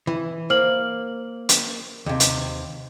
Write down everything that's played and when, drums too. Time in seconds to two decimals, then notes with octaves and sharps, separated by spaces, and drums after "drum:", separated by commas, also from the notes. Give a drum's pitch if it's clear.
0.07 E3
0.50 A#3 C5 F6 F#7
1.49 drum: hi-hat
2.06 D#2 C3
2.20 drum: hi-hat